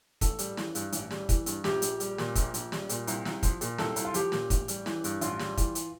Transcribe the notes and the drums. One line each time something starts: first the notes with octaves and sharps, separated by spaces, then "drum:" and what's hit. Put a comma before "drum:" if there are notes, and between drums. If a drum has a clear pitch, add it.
A1 A4, drum: kick, hi-hat
G3, drum: hi-hat
E3, drum: snare
G2, drum: hi-hat
A1, drum: hi-hat
G3, drum: snare
E3, drum: kick, hi-hat
G2, drum: hi-hat
A#1 G4, drum: snare
A#1, drum: hi-hat
G3, drum: hi-hat
A#2, drum: snare
A#1, drum: kick, hi-hat
A#1, drum: hi-hat
G3, drum: snare
A#2, drum: hi-hat
C2, drum: hi-hat
C2, drum: snare
F3, drum: kick, hi-hat
A#2, drum: hi-hat
C2 A4, drum: snare
C2, drum: hi-hat
F4
F3 G4, drum: hi-hat
A#2, drum: snare
A1, drum: kick, hi-hat
G3, drum: hi-hat
E3, drum: snare
G2, drum: hi-hat
A1 F4, drum: hi-hat
G3, drum: snare
E3, drum: kick, hi-hat
drum: hi-hat